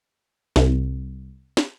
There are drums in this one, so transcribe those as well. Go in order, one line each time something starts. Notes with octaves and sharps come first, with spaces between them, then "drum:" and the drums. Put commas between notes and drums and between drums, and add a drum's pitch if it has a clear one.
C2, drum: snare
drum: snare